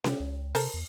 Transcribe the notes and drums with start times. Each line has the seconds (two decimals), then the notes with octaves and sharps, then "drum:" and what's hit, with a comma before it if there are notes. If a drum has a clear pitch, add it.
0.04 C3 G4, drum: snare C#4
0.20 C#2
0.55 C3 A4 A#4 C5, drum: open hi-hat
0.74 E2